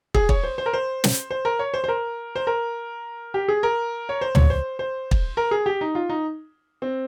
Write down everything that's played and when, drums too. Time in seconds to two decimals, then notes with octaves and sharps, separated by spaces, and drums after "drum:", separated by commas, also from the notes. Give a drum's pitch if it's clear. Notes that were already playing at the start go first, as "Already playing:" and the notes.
0.14 G#4, drum: kick
0.29 C#5, drum: kick
0.43 C5
0.58 C5
0.66 A#4
0.73 C5
1.04 drum: snare
1.31 C5
1.45 A#4
1.59 C#5
1.74 C5
1.84 C5
1.88 A#4
2.36 C5
2.47 A#4
3.34 G4
3.48 G#4
3.63 A#4
4.09 C#5
4.21 C5
4.35 C#5, drum: tom
4.50 C5
4.79 C5
5.11 drum: kick
5.37 A#4
5.51 G#4
5.66 G4
5.81 D#4
5.95 F4
6.09 D#4
6.82 C4